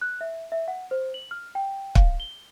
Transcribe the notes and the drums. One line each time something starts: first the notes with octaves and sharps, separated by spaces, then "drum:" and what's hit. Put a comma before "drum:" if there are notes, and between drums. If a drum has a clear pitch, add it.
F#6
E5
E5
F#5
C5
F#7
F6
G5
F5, drum: kick
G7